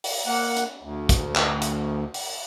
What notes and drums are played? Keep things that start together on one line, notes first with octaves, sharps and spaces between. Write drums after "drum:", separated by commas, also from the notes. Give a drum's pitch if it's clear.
drum: open hi-hat
A#3 F#5
drum: hi-hat
D2
drum: kick, hi-hat
drum: clap
drum: hi-hat
drum: open hi-hat